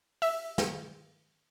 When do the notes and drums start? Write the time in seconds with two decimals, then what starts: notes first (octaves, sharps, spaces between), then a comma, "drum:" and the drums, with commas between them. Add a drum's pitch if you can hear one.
0.22 E5, drum: open hi-hat
0.58 drum: snare